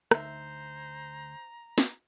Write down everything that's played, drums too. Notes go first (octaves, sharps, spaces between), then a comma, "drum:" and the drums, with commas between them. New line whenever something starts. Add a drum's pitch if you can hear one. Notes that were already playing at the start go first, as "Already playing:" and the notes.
D2 D#4 C5 E5 A#5, drum: rim click
drum: snare